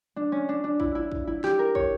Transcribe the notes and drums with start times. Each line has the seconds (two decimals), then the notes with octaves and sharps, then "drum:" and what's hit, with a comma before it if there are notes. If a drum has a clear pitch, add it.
0.16 D4
0.32 C#4
0.49 D4
0.64 D4
0.80 E4, drum: kick
0.95 E4
1.12 drum: kick
1.27 E4
1.44 G4, drum: snare
1.59 A#4
1.75 C#5, drum: kick